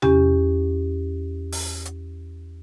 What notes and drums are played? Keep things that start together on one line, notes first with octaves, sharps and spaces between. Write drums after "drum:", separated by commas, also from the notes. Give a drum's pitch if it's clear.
E2 C#4 G4, drum: tom C3
drum: open hi-hat
drum: hi-hat